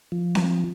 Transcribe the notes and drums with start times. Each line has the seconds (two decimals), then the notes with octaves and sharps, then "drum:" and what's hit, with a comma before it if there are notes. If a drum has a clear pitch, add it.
0.12 F3
0.35 drum: snare C4